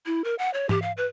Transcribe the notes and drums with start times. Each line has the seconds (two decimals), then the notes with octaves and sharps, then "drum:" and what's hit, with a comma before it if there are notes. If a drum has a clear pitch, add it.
0.06 E4
0.24 A#4
0.39 F#5
0.54 C#5
0.69 G4, drum: tom G#2
0.82 F5
0.97 B4